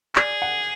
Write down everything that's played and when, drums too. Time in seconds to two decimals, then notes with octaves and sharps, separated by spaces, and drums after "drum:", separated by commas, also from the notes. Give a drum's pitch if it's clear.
0.16 G#4 D5, drum: clap
0.42 F#5